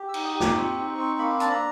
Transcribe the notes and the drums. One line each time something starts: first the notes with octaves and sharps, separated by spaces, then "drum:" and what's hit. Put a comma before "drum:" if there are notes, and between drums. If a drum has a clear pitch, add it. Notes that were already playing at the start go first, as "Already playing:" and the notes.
Already playing: G4
E6
D#4, drum: cymbal
D#6
G4
D6, drum: snare
C4 C#6
D#4
C4
A#3 B5
D4 A5, drum: hi-hat
A#5